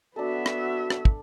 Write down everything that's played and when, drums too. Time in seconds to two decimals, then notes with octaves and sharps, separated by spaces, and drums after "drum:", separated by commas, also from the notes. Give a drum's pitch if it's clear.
0.16 B3 D4 F#4 A4 E5
0.46 drum: rim click
0.90 drum: rim click
1.05 drum: kick